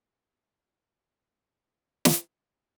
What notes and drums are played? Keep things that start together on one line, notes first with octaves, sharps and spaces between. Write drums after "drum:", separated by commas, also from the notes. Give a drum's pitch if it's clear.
A3 D#6 G#6 D#7 F#7
G#3
A3 D#6 G#6 D#7 F#7
G#3
A3
G#3
C#6 G#6 D#7
C#6 G#6 D#7
drum: snare
F#6 B6 F#7